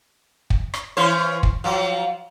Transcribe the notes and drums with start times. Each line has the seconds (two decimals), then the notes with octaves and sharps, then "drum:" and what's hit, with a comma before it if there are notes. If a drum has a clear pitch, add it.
0.50 drum: kick
0.74 drum: rim click
0.97 E3 C#4 C5
1.43 drum: kick
1.64 F3 F#3